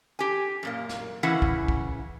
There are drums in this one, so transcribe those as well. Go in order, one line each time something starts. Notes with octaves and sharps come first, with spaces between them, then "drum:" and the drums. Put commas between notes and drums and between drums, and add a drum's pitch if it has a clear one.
G4 G#5
F#2 A#2 A#3
drum: snare
C#3 E3 C#4 E4 F#5
drum: kick
drum: kick